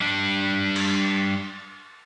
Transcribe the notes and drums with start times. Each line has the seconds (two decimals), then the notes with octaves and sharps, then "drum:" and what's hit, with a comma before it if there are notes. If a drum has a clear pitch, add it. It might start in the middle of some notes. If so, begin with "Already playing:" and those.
0.01 G3 D4
0.76 drum: cymbal